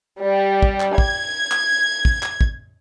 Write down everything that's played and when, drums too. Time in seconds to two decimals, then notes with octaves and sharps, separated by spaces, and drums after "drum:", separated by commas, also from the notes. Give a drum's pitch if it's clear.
0.21 G3
0.62 drum: kick
0.80 drum: clap
0.98 G#6, drum: kick
1.52 drum: clap
2.05 drum: kick
2.23 drum: clap
2.41 drum: kick